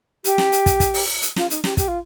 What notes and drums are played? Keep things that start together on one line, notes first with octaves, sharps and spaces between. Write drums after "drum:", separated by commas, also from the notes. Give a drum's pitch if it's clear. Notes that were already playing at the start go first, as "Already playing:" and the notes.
G4, drum: hi-hat
drum: snare
drum: hi-hat
drum: kick, hi-hat
drum: kick, hi-hat
drum: open hi-hat
drum: hi-hat
F4, drum: snare
D#4, drum: hi-hat
G4, drum: snare
G4, drum: kick, hi-hat
F4